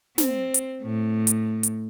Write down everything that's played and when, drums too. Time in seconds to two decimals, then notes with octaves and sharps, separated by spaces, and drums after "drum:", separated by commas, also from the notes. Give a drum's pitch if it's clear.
0.18 C4, drum: snare
0.54 drum: hi-hat
0.82 A2
1.27 drum: hi-hat
1.63 drum: hi-hat